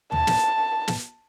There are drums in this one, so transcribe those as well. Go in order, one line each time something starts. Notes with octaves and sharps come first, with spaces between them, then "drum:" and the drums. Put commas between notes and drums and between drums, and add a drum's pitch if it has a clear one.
A5, drum: tom
drum: snare
drum: snare